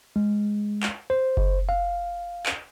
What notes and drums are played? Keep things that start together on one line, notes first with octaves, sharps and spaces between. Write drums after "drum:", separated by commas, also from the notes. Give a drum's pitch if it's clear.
G#3
drum: clap
C5
drum: kick F#1
F5
drum: clap